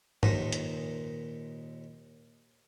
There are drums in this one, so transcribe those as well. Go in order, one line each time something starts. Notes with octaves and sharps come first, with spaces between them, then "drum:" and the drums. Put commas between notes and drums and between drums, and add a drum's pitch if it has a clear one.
D#2 A#2 D#4 B4 C5 D#6, drum: tom G#2
drum: hi-hat